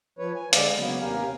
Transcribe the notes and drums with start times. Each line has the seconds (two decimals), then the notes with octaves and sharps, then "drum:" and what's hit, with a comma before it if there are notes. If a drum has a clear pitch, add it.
0.19 F3 B4 C#5
0.35 G#5
0.53 D3 G#3 D5 F5 G5, drum: hi-hat
0.74 C#3 F#3 A#3 B3
1.00 D#2 C3 G4 A#4 F5 G#5